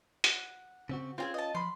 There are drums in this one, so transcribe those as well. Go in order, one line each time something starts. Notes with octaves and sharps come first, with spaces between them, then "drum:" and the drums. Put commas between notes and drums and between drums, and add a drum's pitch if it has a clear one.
F#5, drum: hi-hat
C#3 C4 F#4
C4 C#4 F4 G4 G#4
D#5 A5
F3 B5 C6